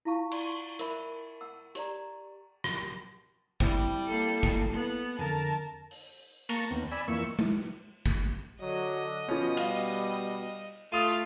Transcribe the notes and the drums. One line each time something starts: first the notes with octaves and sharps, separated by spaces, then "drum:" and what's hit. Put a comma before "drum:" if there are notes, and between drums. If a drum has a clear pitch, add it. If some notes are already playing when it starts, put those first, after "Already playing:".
E4 F4 F5 A5 C#6
D5 C6 C#6, drum: cymbal
A#4 C5 E5 B5, drum: hi-hat
F#5 E6
G4 D5 A#5, drum: hi-hat
drum: rim click
G3 C4 E4, drum: kick G#1
A#3 A4
drum: kick G#1
B3
F2 D3 A#4 A5
drum: open hi-hat
A#3 A5 A#5 C#6, drum: cymbal
D#2 B3 C4
D5 G#5 B5 E6
F2 E3 A#3 C#6 E6
drum: tom G#3
drum: kick G#1
D3 F#3 D#5
B2 F3 C#4
G3 F5, drum: cymbal
A3 F4 A4 D#6 D#7